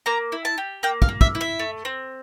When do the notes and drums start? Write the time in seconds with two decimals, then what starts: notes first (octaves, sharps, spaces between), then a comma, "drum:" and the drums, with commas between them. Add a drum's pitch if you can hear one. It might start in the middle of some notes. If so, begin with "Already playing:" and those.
0.06 A#3 A#5
0.32 E4
0.45 A5
0.58 G4
0.83 A#3 G5
1.02 F5, drum: kick
1.09 A#3
1.21 E5, drum: kick
1.35 E4
1.41 E5
1.59 A3
1.85 C4